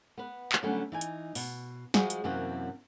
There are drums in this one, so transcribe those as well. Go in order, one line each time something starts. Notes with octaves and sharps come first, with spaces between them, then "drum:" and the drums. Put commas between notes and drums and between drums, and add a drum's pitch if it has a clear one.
B3 B4
drum: clap
D3 F#3 G3 A3 B3 C#4
E3 D#4 G#5
drum: hi-hat
B2, drum: open hi-hat
F3 G3 G#3 F#4 G#4, drum: snare
drum: hi-hat
F#2 C3 E3 A#3 C4 F#4